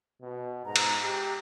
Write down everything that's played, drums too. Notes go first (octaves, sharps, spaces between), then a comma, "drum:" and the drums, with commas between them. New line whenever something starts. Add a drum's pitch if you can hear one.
B2
G#2 A#5
drum: cymbal
G4